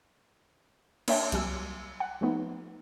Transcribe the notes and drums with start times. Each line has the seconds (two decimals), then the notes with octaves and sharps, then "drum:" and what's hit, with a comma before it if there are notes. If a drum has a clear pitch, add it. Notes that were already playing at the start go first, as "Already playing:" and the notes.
1.08 A#3 D4 C#5 E5 G5 A5, drum: cymbal
1.32 C2 F#3 G3 G#5 E6, drum: hi-hat
2.00 F#5
2.21 F3 A3 B3 D#4